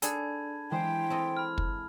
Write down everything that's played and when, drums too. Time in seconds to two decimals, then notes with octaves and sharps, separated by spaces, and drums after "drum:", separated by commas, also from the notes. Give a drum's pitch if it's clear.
0.02 D4 G#4 A4 A5 B5 G#6, drum: hi-hat
0.71 E3 G#3 C5 G5
1.10 C4 A4 D#5
1.37 B5 F6
1.58 drum: kick